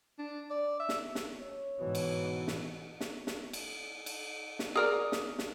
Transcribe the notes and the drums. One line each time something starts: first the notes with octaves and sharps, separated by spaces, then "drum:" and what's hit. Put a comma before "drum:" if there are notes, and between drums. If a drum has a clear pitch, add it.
D4
D5
E5
drum: snare
drum: snare
C#5
G#2 B2 E3
drum: cymbal
drum: snare
drum: snare
drum: snare
drum: cymbal
drum: cymbal
drum: snare
G#4 A#4 D5
drum: snare
drum: snare